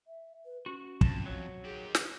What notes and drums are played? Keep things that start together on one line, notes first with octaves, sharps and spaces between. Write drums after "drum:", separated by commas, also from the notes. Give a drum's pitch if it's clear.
E5
B4
C#4 F#4
F2 A5, drum: kick
F#3
D#3 G4 G#4
drum: snare